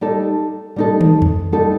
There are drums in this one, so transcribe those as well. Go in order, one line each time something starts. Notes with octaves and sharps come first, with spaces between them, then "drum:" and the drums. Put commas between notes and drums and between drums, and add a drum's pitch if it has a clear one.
G3 D#4 A4
G3 D#4 A4
drum: tom
drum: tom E2
G3 D#4 A4